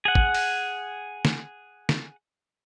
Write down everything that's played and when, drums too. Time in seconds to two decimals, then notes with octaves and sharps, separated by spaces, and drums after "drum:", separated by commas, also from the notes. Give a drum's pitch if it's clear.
0.05 G#4 F#5
0.15 drum: kick
0.35 drum: open hi-hat
1.25 drum: snare
1.89 drum: snare